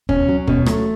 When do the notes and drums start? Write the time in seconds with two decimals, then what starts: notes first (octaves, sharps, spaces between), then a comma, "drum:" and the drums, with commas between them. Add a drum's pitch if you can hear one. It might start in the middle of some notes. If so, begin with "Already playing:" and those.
0.09 B2 C#4, drum: kick
0.29 F#3
0.47 B2 C#4, drum: kick
0.66 F#3 A3, drum: rim click